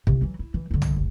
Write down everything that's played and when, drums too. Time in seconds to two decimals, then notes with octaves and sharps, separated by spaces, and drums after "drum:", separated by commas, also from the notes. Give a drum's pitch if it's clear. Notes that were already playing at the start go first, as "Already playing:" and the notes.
0.07 C3, drum: kick
0.22 E3 F#3
0.39 E4
0.54 E3
0.71 G2 D3
0.82 drum: tom
0.96 F1